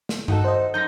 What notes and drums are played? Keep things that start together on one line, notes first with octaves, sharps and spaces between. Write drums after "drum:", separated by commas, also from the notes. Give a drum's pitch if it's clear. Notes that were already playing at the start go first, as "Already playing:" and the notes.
drum: snare
D#4 F#4 A4, drum: tom G2
C5 D#5
F#2 D#4 G6 A#6